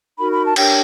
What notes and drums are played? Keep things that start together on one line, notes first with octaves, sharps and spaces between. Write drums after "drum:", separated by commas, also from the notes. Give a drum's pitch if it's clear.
D#4 F#4 A#4 B5
B5
A5
D4 G4 A#4 C#5 G5, drum: cymbal